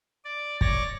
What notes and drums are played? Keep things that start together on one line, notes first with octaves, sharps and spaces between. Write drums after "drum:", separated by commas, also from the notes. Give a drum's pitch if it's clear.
D5
C#5 D5 A#6, drum: kick